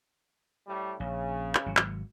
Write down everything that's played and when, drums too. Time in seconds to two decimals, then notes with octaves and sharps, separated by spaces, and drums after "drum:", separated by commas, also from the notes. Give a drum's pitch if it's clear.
0.67 A2 G3
1.00 A#1 C#3
1.55 drum: clap
1.66 G#1 F#3
1.77 drum: clap